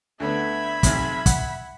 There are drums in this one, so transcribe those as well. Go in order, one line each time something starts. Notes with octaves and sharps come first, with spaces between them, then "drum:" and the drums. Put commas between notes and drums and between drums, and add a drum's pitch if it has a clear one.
D2 D3 B3 E5 B5 G#6
B1 C3 C4, drum: kick, hi-hat
F#5, drum: kick, hi-hat